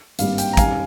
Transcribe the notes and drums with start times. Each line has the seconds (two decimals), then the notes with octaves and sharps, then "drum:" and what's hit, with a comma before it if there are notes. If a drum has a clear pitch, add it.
0.19 G#1 G2 G3 A#3 F5, drum: hi-hat
0.38 G5, drum: hi-hat
0.53 A#5
0.57 D#3 G3 C#4 F5 G#5, drum: kick, hi-hat